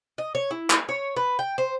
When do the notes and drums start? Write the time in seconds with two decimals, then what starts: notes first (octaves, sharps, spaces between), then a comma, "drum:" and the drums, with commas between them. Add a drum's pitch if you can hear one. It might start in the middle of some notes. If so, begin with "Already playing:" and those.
0.18 D#5
0.35 C#5
0.51 E4
0.70 drum: clap
0.89 C#5
1.16 B4
1.39 G5
1.58 C5